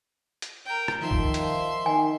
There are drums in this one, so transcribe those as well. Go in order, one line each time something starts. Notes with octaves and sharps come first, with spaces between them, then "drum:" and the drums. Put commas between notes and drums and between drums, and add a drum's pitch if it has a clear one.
drum: hi-hat
A#4 G5
drum: rim click
D#3 F3 E5 C6
drum: kick F1
drum: hi-hat
D#3 G#5